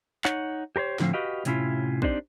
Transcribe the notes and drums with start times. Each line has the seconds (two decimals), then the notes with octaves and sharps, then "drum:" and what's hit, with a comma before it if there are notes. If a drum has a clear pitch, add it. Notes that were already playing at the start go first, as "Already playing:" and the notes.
0.25 D#4 C#5 F#5, drum: clap
0.76 G4 A#4 C5 C#5
0.99 A2 D3 F3 B3 C4 F5, drum: snare
1.13 F#4 G4 B4 D#5 F5 G5
1.45 A2 C3 F#3 C#4 E4 F4, drum: hi-hat
2.02 C4 D4 D#4 G4 C5 D5, drum: kick